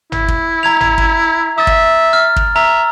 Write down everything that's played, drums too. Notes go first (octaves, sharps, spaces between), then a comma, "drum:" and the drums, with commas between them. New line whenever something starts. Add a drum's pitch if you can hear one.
E4, drum: tom
drum: kick
A#5 G#6 F7
drum: tom
drum: kick
E5 D#6 A6
drum: kick
F6
drum: kick
E5 A#5